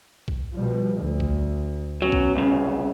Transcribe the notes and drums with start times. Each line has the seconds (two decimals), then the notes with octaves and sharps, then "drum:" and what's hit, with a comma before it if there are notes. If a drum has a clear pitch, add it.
0.28 drum: kick B1
0.55 B2 F3 G3
0.97 D2
1.20 drum: kick B1
2.02 B1 F#3 B3 C#4
2.12 drum: kick B1
2.36 C2 C#3